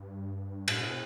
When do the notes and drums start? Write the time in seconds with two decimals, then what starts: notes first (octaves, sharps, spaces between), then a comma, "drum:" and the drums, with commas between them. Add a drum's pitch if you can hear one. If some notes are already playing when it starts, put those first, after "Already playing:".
Already playing: G2
0.68 A2, drum: cymbal
0.80 B2